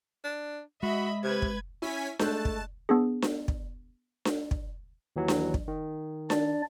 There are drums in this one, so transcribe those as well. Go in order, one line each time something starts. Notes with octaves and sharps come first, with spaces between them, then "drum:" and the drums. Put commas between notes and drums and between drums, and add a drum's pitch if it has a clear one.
D4
G#3 F#4 D#5 E5 B5
C3 B4 G#6
drum: kick
C#4 E4 G#5 B6
G#3 A3 A5 F#6 G6, drum: snare D4
drum: kick
B3 D4 G#4
drum: snare D4
drum: kick
drum: snare D4
drum: kick
D#2 E3 F#3
drum: snare D4
drum: kick
D#3
D4 D5, drum: snare D4